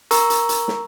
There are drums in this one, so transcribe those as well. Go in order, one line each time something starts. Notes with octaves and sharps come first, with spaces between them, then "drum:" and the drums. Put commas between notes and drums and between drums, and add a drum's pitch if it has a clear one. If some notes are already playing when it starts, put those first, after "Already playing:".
A#4 A#5 C#6 E6, drum: hi-hat
drum: hi-hat
drum: hi-hat
drum: snare